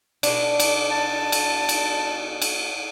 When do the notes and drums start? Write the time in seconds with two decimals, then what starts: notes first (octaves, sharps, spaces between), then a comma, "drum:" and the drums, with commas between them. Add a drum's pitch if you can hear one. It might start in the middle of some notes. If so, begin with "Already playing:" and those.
0.23 B2 D4, drum: cymbal
0.60 drum: cymbal
0.90 A5
1.32 drum: cymbal
1.69 drum: cymbal
2.42 drum: cymbal